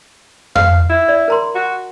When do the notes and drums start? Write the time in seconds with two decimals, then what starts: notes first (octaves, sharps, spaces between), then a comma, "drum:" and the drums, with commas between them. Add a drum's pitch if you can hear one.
0.56 F5, drum: tom F2
0.90 E4
1.08 D5
1.28 A#4 A#5 C6
1.55 F#4